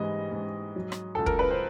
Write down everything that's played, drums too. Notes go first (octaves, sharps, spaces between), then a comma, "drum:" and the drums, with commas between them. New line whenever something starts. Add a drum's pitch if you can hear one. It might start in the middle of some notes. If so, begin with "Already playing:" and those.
Already playing: G#2 E3 G3 D#5
G#2
F#3
drum: rim click
C#2 A4
A#4, drum: kick
B4
C5